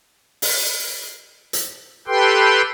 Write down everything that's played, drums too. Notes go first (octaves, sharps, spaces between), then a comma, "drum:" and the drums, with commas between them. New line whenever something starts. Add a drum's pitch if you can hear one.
drum: open hi-hat
drum: hi-hat
G4 A4 B4 G5 C6